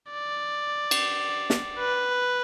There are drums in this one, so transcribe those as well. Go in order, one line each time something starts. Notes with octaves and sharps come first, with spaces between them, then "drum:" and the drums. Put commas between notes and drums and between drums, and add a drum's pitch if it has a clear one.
D5
drum: cymbal
drum: snare
B4